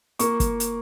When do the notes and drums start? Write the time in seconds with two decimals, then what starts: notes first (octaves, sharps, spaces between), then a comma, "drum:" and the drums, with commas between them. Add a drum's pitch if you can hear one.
0.19 A#3 C#6, drum: hi-hat
0.40 drum: kick, hi-hat
0.60 drum: hi-hat